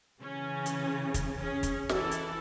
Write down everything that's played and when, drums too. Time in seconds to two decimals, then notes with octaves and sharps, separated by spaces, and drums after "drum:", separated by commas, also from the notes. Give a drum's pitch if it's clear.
0.22 C#3 E3 C#4
0.66 drum: hi-hat
1.14 drum: kick, hi-hat
1.39 C#4 G#4
1.63 drum: kick, hi-hat
1.89 E3 E4 A4, drum: snare
2.11 drum: hi-hat